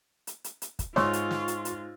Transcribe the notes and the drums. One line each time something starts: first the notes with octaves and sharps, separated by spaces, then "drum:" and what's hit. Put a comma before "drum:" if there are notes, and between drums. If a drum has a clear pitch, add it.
drum: hi-hat
drum: hi-hat
drum: hi-hat
drum: kick, hi-hat
G#2 F4 C#5 C6 C#6 E6, drum: snare
drum: hi-hat
drum: snare
drum: hi-hat
drum: hi-hat